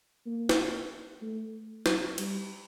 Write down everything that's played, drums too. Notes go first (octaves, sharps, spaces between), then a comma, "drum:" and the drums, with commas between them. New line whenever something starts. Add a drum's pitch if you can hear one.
A#3
drum: snare
A3
F#3, drum: snare
G3, drum: cymbal